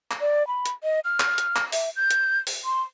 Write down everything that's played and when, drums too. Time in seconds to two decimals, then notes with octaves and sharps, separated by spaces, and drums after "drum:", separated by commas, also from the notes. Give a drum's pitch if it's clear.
0.11 drum: clap
0.21 D5
0.47 B5
0.66 drum: hi-hat
0.84 D#5
1.05 F6
1.20 drum: clap
1.38 drum: hi-hat
1.56 drum: clap
1.72 E5, drum: open hi-hat
1.96 G6
2.11 drum: hi-hat
2.47 drum: open hi-hat
2.65 C6